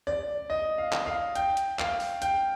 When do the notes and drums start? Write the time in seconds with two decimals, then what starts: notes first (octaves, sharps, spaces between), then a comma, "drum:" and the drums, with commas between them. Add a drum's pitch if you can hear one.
0.07 D5
0.50 D#5
0.78 F5
0.92 drum: clap
1.06 F5
1.35 G5, drum: hi-hat
1.57 drum: hi-hat
1.79 F5, drum: clap
2.00 drum: open hi-hat
2.22 G5, drum: hi-hat